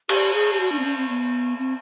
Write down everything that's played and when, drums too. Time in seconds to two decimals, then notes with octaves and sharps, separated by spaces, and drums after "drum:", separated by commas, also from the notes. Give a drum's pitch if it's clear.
0.09 G4, drum: cymbal
0.34 G#4
0.53 G4
0.60 F#4
0.72 D4
0.79 C4
0.85 C#4
0.98 C4
1.09 B3
1.59 C4